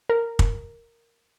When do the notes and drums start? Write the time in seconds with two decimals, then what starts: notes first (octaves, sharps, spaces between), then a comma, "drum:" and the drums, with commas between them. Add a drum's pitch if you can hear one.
0.09 A#4
0.39 drum: kick